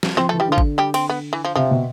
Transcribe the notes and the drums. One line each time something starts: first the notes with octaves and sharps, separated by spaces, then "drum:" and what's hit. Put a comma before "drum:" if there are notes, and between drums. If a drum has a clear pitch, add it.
drum: snare
F3 C4 C5
A3 A4
E3
G3 G4
D3 F3 F4
drum: kick G#1
G3 G4
C4, drum: cymbal
B3
E3
F3
C3 F3
B2